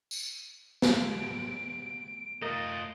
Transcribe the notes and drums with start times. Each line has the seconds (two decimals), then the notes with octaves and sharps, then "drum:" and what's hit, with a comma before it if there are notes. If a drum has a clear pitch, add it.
0.11 drum: tambourine
0.82 F4 A#4 D7, drum: snare
2.42 A3 F4 A#4 D#5 A6